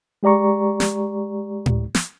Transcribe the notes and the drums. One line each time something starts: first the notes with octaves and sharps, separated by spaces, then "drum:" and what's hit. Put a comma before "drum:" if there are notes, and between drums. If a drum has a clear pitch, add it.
G#3 G4 D5 A#5 C#6
drum: snare
drum: tom A2
drum: snare